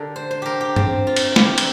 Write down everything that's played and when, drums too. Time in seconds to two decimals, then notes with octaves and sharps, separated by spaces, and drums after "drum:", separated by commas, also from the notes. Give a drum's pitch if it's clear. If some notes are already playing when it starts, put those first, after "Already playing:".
Already playing: D3 D4 G4 A#4
0.16 C5
0.31 C5
0.42 G4 A#4
0.61 G4
0.76 C4, drum: tom G2
1.07 F4
1.16 drum: cymbal
1.36 G4, drum: snare
1.58 C5, drum: cymbal